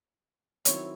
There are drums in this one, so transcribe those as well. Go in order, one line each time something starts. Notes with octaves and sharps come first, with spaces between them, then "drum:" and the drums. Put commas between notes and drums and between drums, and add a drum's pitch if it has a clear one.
D#3 F#3 C4 E4 C#5, drum: hi-hat